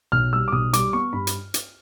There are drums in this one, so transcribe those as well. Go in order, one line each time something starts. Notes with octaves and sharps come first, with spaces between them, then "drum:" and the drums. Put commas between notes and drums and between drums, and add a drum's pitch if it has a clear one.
B1 F6
G3 E6
D6
B1 D#6
G3 D6, drum: hi-hat
B3 C#6
G2 B5
drum: hi-hat
drum: hi-hat